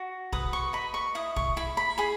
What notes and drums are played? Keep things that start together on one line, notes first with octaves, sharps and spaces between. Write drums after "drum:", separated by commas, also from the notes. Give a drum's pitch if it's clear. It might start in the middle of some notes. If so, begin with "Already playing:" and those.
Already playing: F#4
B4 D#6, drum: kick
C#6
D#5 B5
C#6
E4 D#6
C#6, drum: kick
E4 B5
B5
G#4 B5